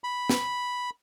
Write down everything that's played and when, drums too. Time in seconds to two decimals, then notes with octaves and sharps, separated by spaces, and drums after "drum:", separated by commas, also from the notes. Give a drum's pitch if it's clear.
0.04 B5
0.30 drum: snare